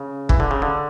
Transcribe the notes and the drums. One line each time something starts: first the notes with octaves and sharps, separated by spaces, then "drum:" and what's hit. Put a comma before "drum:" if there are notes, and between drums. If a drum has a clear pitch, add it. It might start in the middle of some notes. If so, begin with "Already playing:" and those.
Already playing: C#3
E3, drum: kick
D3
C#3
D3